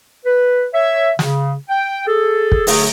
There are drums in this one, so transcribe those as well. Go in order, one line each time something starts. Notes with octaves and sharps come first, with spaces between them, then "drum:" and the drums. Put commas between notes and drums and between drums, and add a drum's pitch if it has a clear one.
B4
C#5 E5
C#3, drum: snare
G5
G#4 A4
drum: kick
D3 F#3 A3 G#4, drum: open hi-hat